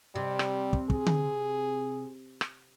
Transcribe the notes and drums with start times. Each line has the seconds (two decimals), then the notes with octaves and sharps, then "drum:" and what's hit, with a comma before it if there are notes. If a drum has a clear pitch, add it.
0.15 C3 G3
0.39 drum: rim click
0.73 drum: kick
0.90 G#4, drum: kick
1.06 drum: tom D3
2.41 drum: rim click